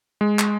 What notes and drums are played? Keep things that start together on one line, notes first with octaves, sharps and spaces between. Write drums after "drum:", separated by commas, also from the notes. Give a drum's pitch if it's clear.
G#3
drum: clap